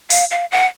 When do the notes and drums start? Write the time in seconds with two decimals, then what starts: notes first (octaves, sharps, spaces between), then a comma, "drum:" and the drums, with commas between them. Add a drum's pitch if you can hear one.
0.10 F5, drum: open hi-hat
0.31 F5
0.51 F#5